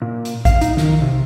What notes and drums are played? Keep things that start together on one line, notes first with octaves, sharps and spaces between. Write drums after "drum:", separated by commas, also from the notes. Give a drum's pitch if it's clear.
A#2
drum: hi-hat
F5, drum: kick A1, hi-hat
D#4, drum: hi-hat
D#3, drum: snare
C3